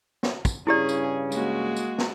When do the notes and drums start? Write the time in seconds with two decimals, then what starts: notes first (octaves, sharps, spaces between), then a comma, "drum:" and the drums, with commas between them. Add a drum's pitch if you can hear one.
0.23 drum: snare
0.45 drum: kick, tambourine
0.67 G2 C#3 C#4 E4 G4 G#4 D5
0.89 drum: tambourine
1.32 G#3 A#3 F#4, drum: tambourine
1.76 drum: tambourine
1.98 drum: snare